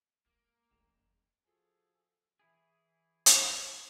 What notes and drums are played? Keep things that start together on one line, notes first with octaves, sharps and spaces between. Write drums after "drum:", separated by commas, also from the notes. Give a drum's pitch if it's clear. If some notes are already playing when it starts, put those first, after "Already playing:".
G#3 A#3
E1 C#2 A3 E7 F7
F#1
F3 F#4 G#4 A4
E3 E4 G#4
drum: hi-hat